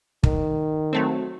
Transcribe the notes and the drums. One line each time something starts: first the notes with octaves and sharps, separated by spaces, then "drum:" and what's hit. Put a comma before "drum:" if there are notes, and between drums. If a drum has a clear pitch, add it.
D#3, drum: kick
F#3 A3 C4